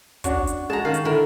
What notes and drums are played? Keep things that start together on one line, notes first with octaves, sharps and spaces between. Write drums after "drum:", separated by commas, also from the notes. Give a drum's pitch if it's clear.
D4 F#4 C#5, drum: kick, hi-hat
drum: hi-hat
G#3 F#4 A5 A#5
D#3 F5 C#6
drum: hi-hat
D3 E4 A#4